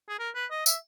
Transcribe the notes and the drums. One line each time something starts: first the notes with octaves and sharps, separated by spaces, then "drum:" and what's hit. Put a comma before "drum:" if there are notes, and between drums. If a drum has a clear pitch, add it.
G#4
A#4
B4
D#5
E5, drum: tambourine